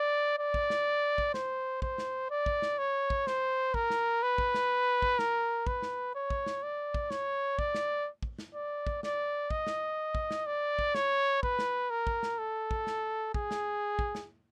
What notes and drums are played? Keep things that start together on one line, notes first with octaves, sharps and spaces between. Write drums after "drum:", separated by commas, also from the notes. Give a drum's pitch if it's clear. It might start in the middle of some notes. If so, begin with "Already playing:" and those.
Already playing: D5
D5
drum: kick
drum: snare
drum: kick
C5, drum: snare
C5, drum: kick
drum: snare
D5
drum: kick
drum: snare
C#5
drum: kick
C5, drum: snare
A#4, drum: kick
drum: snare
B4
drum: kick
drum: snare
drum: kick
A#4, drum: snare
B4, drum: kick
drum: snare
C#5
drum: kick
drum: snare
D5
drum: kick
C#5, drum: snare
D5, drum: kick
drum: snare
drum: kick
drum: snare
D5
drum: kick
D5, drum: snare
D#5, drum: kick
drum: snare
drum: kick
drum: snare
D5
drum: kick
C#5, drum: snare
B4, drum: kick
drum: snare
A#4
drum: kick
drum: snare
A4
drum: kick
drum: snare
G#4, drum: kick
drum: snare
drum: kick
drum: snare